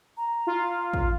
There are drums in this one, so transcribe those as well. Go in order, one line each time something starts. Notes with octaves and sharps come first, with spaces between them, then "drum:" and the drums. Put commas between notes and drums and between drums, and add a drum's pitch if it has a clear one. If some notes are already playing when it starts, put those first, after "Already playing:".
A#5
F4
drum: kick